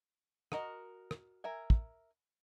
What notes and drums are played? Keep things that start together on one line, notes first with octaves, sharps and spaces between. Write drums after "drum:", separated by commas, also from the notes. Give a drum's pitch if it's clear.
F#4 A#4 D#5, drum: rim click
drum: rim click
A#4 E5 G#5
drum: kick